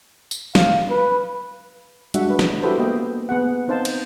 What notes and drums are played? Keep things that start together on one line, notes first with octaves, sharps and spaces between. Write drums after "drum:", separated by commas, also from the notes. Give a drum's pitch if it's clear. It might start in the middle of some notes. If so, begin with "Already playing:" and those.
drum: tambourine
F5, drum: snare
B4
G3 G#3 D4 F#4 E5 F#5, drum: hi-hat
D4 B4
drum: snare
E4 F#4 G4 A4 B4 C5
A#3 B3 D#5 G5
B3 G#4 F#5
C4 D#4 C5 F5 A5
drum: cymbal